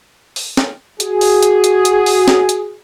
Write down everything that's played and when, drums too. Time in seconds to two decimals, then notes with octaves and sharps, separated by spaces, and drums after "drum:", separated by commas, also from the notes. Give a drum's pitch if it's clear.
0.36 drum: open hi-hat
0.57 drum: snare
1.00 F#4 G#4, drum: hi-hat
1.21 drum: open hi-hat
1.43 drum: hi-hat
1.64 drum: hi-hat
1.85 drum: hi-hat
2.06 drum: open hi-hat
2.28 drum: snare
2.49 drum: hi-hat